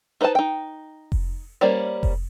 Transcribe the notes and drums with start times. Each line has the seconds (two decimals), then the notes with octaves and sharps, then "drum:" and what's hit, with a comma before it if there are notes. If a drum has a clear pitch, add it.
0.21 D#4 B4 C5 F#5 A5
0.35 D#4 G5
1.12 drum: kick F1
1.61 G3 A#3 C#4 C5 D5
2.03 drum: kick F1